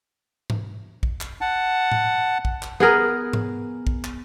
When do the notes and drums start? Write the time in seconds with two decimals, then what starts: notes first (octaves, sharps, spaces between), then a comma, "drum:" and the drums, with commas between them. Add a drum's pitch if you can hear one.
0.50 drum: tom G#2
1.03 drum: kick A#1
1.21 drum: clap
1.41 F#5 A5
1.92 drum: tom A2
2.45 drum: kick A#1
2.62 drum: clap
2.80 B3 G#4 A#4
3.33 drum: tom G#2
3.87 drum: kick A#1
4.04 drum: clap